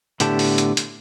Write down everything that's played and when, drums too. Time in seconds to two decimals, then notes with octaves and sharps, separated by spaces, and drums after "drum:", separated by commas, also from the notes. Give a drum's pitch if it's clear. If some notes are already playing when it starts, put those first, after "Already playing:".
0.20 A2 D3 B3 G4 A5, drum: hi-hat
0.39 drum: open hi-hat
0.58 drum: hi-hat
0.77 drum: hi-hat